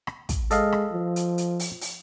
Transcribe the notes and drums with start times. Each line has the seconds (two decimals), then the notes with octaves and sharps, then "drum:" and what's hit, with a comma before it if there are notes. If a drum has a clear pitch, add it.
0.07 drum: rim click
0.29 drum: kick, hi-hat
0.51 G#3 A4 D#5 F5, drum: hi-hat
0.72 drum: rim click
0.92 F3
1.16 drum: hi-hat
1.38 drum: hi-hat
1.60 drum: open hi-hat
1.81 drum: open hi-hat